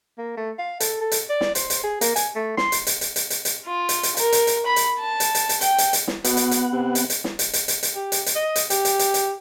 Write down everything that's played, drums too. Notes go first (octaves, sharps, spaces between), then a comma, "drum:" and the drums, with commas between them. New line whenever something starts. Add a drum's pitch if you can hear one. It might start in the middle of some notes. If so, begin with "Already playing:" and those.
A#3
A3
F5
A4, drum: hi-hat
A4
drum: hi-hat
D5
drum: snare
C5, drum: hi-hat
drum: hi-hat
G#4
A#3, drum: hi-hat
G#5, drum: hi-hat
A3
C6, drum: snare
drum: hi-hat
drum: hi-hat
drum: hi-hat
drum: hi-hat
drum: hi-hat
drum: hi-hat
F4
drum: hi-hat
drum: hi-hat
A#4, drum: hi-hat
drum: hi-hat
drum: hi-hat
B5
drum: hi-hat
A5
drum: hi-hat
drum: hi-hat
drum: hi-hat
G5, drum: hi-hat
drum: hi-hat
drum: hi-hat
drum: snare
B2 B3 F#5, drum: hi-hat
drum: hi-hat
drum: hi-hat
C3
drum: hi-hat
drum: hi-hat
drum: snare
drum: hi-hat
drum: hi-hat
drum: hi-hat
drum: hi-hat
G4
drum: hi-hat
drum: hi-hat
D#5
drum: hi-hat
G4, drum: hi-hat
drum: hi-hat
drum: hi-hat
drum: hi-hat